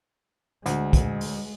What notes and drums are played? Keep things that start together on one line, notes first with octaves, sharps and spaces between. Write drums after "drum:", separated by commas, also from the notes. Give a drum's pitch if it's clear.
D2 G#3, drum: hi-hat
drum: kick, hi-hat
drum: open hi-hat